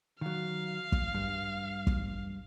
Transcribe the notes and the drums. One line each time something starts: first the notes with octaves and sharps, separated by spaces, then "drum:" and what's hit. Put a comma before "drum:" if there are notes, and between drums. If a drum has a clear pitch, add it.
D#3 F#3 F5
drum: kick
G2
drum: kick